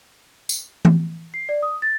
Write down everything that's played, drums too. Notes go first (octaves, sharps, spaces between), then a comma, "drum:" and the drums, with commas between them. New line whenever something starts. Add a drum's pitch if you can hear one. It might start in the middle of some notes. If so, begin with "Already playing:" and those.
drum: tambourine
drum: tom E3
C7
D5
D#6
A6